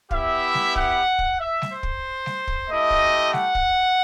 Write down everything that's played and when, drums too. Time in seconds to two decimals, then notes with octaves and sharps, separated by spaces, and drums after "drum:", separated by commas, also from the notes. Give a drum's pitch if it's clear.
0.11 B3 E4 G4 E5, drum: kick
0.54 drum: snare G3
0.76 F#5, drum: kick
1.19 drum: kick
1.40 E5
1.62 drum: snare G3
1.72 C5
1.83 drum: kick
2.26 drum: snare G3
2.48 drum: kick
2.69 A3 E4 G4 D#5
2.90 drum: kick
3.33 F#5, drum: snare G3
3.55 drum: kick